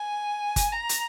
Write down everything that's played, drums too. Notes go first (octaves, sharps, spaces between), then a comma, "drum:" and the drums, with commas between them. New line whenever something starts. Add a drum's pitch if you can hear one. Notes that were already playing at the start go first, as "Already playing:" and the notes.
Already playing: G#5
drum: kick G1, hi-hat
A#5
drum: hi-hat